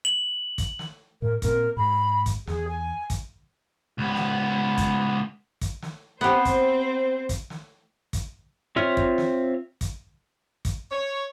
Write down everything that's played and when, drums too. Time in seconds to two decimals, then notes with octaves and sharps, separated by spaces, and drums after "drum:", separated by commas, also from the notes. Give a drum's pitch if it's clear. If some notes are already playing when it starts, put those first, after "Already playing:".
0.05 F#7
0.58 drum: kick, hi-hat
0.79 drum: snare
1.22 A2 A#4
1.42 A#2 A#3 C4 A#4, drum: kick, hi-hat
1.77 G#2 B5
2.26 drum: kick, hi-hat
2.47 E2 G#4, drum: snare
2.68 G#5
3.10 drum: kick, hi-hat
3.98 C#2 B3
4.15 drum: snare
4.78 drum: kick, hi-hat
5.61 drum: kick, hi-hat
5.82 drum: snare
6.21 B3 C4 G4 C5
6.45 drum: kick, hi-hat
7.29 drum: kick, hi-hat
7.50 drum: snare
8.13 drum: kick, hi-hat
8.76 C4 F4 C#5 E5 F6
8.97 drum: kick
9.18 drum: snare
9.81 drum: kick, hi-hat
10.65 drum: kick, hi-hat
10.91 C#5